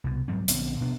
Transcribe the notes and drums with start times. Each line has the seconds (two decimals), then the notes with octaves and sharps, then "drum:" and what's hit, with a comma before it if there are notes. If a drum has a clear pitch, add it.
0.04 C2 B2
0.28 G#2 F#3 G3 C4
0.48 A#1 D3 B3 C4, drum: hi-hat
0.81 B2 B3 D4